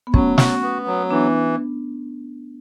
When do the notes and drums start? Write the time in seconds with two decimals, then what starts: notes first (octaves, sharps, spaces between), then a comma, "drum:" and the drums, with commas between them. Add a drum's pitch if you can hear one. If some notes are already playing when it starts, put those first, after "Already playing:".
0.07 B3
0.14 F#3 A3 C#4, drum: kick
0.38 F#4, drum: snare
0.62 B3
0.87 F#3
1.10 E3 B3 D4